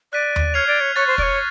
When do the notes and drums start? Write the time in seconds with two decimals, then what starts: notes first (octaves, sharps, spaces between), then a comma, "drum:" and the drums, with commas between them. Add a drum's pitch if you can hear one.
0.13 D5 F#6 B6 D#7
0.36 drum: tom D#2
0.54 C#5 F6 G#6 C7 F7
0.67 D5
0.80 C#5
0.96 C#5 C#6 F#6 A6
1.07 C5
1.18 D5, drum: kick
1.23 C#5